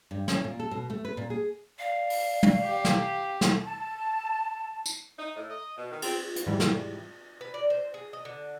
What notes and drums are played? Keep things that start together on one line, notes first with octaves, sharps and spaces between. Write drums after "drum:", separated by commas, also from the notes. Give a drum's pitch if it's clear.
G2
C#4, drum: snare
A#2
A4
B2
A3
B4
A#2
G#4
D5 F5
drum: open hi-hat
drum: tom
G4
drum: snare
drum: snare
A5
drum: tambourine
D#4
A2
D#5
B2
D#3
C4, drum: cymbal
drum: hi-hat
G#2 E3 G3
drum: snare
B4
D5
C5
G#4
D#5
D3